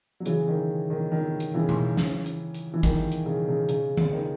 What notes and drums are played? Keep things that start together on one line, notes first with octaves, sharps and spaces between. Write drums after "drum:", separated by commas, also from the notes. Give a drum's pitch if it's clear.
F#3
C#3 E3, drum: hi-hat
D#3
D#3
D#3
drum: hi-hat
C#3 E3
drum: tom B2
drum: snare
drum: hi-hat
drum: hi-hat
E3
D#3, drum: kick, hi-hat
drum: hi-hat
C#3
C#3
C#3, drum: hi-hat
drum: tom D#3
D#3